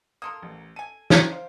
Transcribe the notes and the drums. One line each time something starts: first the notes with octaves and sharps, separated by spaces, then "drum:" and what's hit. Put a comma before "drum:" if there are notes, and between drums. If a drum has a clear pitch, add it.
A#3 A4 A#4 C6 D#6
A1
A4 G#5 D#7
D4 D#4 C5 G5 A#5, drum: snare
C5 F5